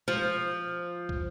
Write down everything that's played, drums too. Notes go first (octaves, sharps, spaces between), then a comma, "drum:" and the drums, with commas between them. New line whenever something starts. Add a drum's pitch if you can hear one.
F3, drum: tom
drum: kick